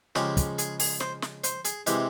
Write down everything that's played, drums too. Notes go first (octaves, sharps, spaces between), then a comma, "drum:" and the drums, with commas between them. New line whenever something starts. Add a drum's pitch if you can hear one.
C#3 F3 G#3 G4, drum: snare
drum: kick, hi-hat
G#4, drum: hi-hat
G#4, drum: open hi-hat
C5, drum: snare
drum: snare
C5, drum: hi-hat
G#4, drum: hi-hat
C3 E3 G#3 G4, drum: hi-hat